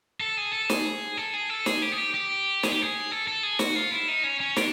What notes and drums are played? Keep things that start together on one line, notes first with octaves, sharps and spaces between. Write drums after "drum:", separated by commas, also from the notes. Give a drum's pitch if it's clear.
A4
G#4
A4
G#4, drum: snare
A4
G#4
A4
G#4, drum: snare
G4
G#4
G4
G4
G#4, drum: snare
G4
G#4
A4
A4
G#4
F#4, drum: snare
F4
E4
D#4
C#4
C#4
D4, drum: snare